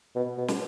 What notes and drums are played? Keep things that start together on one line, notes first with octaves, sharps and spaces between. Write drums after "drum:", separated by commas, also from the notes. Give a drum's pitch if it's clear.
B2
B2
drum: snare